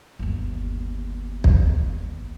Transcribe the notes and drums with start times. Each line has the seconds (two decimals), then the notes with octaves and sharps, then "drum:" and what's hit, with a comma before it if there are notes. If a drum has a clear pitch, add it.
0.19 G1 D#2
1.44 drum: kick